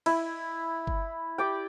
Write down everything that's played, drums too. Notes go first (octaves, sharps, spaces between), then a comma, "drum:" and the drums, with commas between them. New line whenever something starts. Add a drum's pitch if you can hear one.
E4, drum: cymbal
drum: kick G1
G4 D5 G5